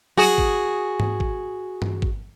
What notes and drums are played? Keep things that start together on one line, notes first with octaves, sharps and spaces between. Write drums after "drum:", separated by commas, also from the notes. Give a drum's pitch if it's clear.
F#4 G#4, drum: tom F#3
drum: kick G#1
drum: tom G#2
drum: kick G#1
drum: tom G2
drum: kick G#1